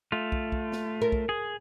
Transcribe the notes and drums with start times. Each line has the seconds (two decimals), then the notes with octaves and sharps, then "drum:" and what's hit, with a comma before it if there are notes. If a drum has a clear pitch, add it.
0.12 A3 F4
0.32 drum: kick
0.52 drum: kick
0.72 drum: snare
1.02 A#4
1.12 drum: kick
1.29 G#4